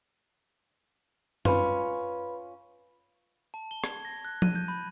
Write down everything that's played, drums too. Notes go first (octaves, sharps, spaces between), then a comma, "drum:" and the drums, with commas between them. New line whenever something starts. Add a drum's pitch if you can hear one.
C#4 F4 B4 B5, drum: tom F#2
A5
G7
G#6, drum: rim click
A#6
F#6
D#7, drum: tom F3
G6
B5